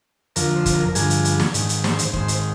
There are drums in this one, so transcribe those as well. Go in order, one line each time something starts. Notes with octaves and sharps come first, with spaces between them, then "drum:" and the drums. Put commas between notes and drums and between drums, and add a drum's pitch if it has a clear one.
F2 D3 F3 A#4, drum: hi-hat
C5
drum: kick, hi-hat
A#4
A#4
G2 D3 F3 G#4, drum: hi-hat
drum: hi-hat
drum: hi-hat
drum: snare
G#2 D#3, drum: hi-hat
drum: hi-hat
C5, drum: snare
drum: hi-hat
G#2 D#3 C5, drum: kick
drum: hi-hat